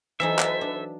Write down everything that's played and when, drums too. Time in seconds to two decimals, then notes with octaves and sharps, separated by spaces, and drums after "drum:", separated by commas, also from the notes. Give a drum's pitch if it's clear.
0.20 E3 F#3 D#4 A4 C5 E5
0.39 drum: clap
0.61 D4